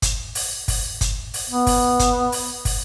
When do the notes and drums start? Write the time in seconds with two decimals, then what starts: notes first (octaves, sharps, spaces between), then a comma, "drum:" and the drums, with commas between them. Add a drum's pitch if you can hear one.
0.02 drum: kick, hi-hat
0.35 drum: open hi-hat
0.68 drum: kick, open hi-hat
1.01 drum: kick, hi-hat
1.34 drum: open hi-hat
1.50 B3
1.67 drum: kick, open hi-hat
1.99 drum: kick, hi-hat
2.32 drum: open hi-hat
2.65 drum: kick, open hi-hat